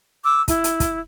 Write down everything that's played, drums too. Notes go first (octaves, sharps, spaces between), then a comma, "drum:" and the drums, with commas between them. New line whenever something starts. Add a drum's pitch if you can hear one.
D6 E6
E4, drum: kick, hi-hat
drum: hi-hat
drum: kick, hi-hat